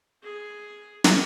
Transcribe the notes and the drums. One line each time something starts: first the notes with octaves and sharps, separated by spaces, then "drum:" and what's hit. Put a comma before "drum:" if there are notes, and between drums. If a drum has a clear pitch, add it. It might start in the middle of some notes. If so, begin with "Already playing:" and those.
G#4
drum: snare